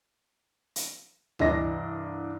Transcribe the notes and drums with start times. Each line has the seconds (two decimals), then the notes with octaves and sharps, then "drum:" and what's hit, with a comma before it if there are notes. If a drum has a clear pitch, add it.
0.76 drum: hi-hat
1.39 C2 G2 E3 D4 D#5 A#6, drum: tom D2